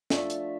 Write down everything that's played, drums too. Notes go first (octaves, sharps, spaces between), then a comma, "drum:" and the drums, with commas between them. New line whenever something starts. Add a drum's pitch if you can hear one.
F3 A3 D4 E5, drum: snare
drum: hi-hat